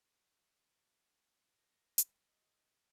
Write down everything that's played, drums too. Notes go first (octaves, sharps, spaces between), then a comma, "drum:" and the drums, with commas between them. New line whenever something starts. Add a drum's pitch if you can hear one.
A#6
drum: hi-hat
D#5